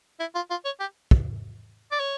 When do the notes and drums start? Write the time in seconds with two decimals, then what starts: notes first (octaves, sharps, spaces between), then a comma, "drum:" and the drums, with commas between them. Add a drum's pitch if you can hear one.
0.20 E4
0.35 F4
0.50 F4
0.65 C#5
0.80 G4
1.11 drum: kick
1.91 D5
2.00 C#5